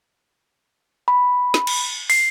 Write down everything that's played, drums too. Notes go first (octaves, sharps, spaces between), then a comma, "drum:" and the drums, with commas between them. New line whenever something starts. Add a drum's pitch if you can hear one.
B5
drum: snare
drum: cymbal
C7, drum: open hi-hat